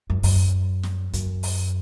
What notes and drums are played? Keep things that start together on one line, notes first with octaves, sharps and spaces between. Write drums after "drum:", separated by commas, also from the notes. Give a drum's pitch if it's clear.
F#2
F#2, drum: open hi-hat
drum: snare
F#2, drum: hi-hat
drum: open hi-hat